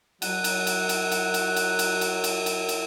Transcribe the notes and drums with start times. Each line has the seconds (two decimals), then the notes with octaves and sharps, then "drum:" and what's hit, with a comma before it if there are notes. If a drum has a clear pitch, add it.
0.22 F#3 F#5, drum: cymbal
0.44 drum: cymbal
0.67 drum: cymbal
0.89 drum: cymbal
1.12 drum: cymbal
1.34 drum: cymbal
1.56 drum: cymbal
1.79 drum: cymbal
2.01 drum: cymbal
2.24 drum: cymbal
2.46 drum: cymbal
2.69 drum: cymbal